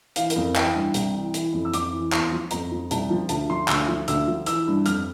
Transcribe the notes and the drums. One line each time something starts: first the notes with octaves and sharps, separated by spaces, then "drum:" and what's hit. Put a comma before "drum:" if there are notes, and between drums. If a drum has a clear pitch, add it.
E3 F5, drum: hi-hat
A#4, drum: hi-hat
F2
E3 G5, drum: clap
G2
C2, drum: hi-hat
E3
E3, drum: hi-hat
F2
E6
F2 D6, drum: hi-hat
E3
E2 C6, drum: clap
F3
F2 A#5, drum: hi-hat
F3
C2 A5, drum: hi-hat
F3
D2 A5, drum: hi-hat
F3 C6
D2 E6, drum: clap
F3
D2 E6, drum: hi-hat
F3
E3 E6, drum: hi-hat
G2
F2 F6, drum: hi-hat